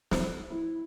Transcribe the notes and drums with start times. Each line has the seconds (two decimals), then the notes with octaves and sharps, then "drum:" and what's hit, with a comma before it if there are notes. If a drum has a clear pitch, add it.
0.11 C5, drum: snare
0.50 E4